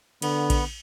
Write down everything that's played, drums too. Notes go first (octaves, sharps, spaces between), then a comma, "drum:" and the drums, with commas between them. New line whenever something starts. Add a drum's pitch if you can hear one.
D3 B3, drum: cymbal
drum: kick A#1, cymbal